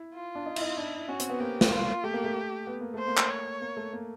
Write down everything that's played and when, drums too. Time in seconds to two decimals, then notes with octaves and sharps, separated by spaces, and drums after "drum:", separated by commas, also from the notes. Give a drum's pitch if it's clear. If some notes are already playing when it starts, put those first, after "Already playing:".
Already playing: E4
0.15 F4
0.35 D4
0.46 D#4
0.56 E4, drum: cymbal
0.61 D#4
0.78 D4 E4
1.08 C#4 F#4
1.20 C4, drum: hi-hat
1.30 B3
1.40 A#3 G4
1.61 drum: snare
1.72 F4
2.04 A3 G4
2.14 A#3
2.24 A3
2.67 B3
2.81 A#3
2.94 A3
2.99 C5
3.07 A#3
3.17 drum: clap
3.30 C#5
3.61 A#3
3.77 A3
3.93 A#3